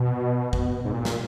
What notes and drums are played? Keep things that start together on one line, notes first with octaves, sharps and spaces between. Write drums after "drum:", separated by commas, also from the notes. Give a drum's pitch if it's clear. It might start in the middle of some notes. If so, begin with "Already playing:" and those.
Already playing: B2
drum: kick
G#2
A#2
drum: snare